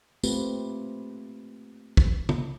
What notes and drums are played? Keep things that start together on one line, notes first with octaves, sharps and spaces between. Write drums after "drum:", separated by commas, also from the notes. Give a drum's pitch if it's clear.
A3 A#3 C4 F4 G4 B4, drum: tambourine
drum: kick
drum: tom